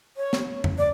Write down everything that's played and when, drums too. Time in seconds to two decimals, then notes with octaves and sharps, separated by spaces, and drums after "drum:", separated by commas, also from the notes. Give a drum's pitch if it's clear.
0.17 C#5
0.33 drum: snare
0.64 drum: tom F2
0.78 D5